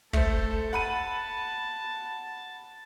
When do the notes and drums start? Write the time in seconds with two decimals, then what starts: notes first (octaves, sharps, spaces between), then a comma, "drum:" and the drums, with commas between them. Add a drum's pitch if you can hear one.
0.13 A3 A4 C5, drum: kick
0.73 F#5 A5 B5 D#7